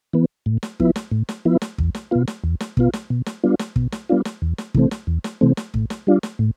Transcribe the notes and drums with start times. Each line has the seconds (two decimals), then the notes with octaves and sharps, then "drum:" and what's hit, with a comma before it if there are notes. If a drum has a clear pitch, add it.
0.13 E3 B3
0.46 A2
0.63 drum: snare
0.80 F3 B3 E4, drum: kick
0.96 drum: snare
1.11 A2
1.29 drum: snare
1.45 F3 B3 E4
1.62 drum: snare
1.78 E2, drum: kick
1.95 drum: snare
2.11 B2 B3 F4
2.27 drum: snare
2.44 E2
2.60 drum: snare
2.77 B2 B3 F4, drum: kick
2.93 drum: snare
3.10 B2
3.26 drum: snare
3.43 G3 B3 D4 F4
3.59 drum: snare
3.76 B2, drum: kick
3.92 drum: snare
4.09 G3 B3 D4 F4
4.25 drum: snare
4.42 E2
4.58 drum: snare
4.74 C3 E3 A3 C4, drum: kick
4.91 drum: snare
5.07 E2
5.24 drum: snare
5.41 C3 E3 A3 C4
5.57 drum: snare
5.74 A2, drum: kick
5.90 drum: snare
6.07 G3 D4 F4
6.23 drum: snare
6.39 A2